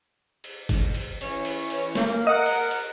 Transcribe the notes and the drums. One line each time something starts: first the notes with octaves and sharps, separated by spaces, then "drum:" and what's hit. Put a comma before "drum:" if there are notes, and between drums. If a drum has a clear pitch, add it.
drum: cymbal
drum: kick F#1, cymbal
drum: cymbal
E3 C#4, drum: cymbal
drum: cymbal
drum: cymbal
A#3, drum: snare
A#4 D#5 F#5
drum: cymbal
drum: cymbal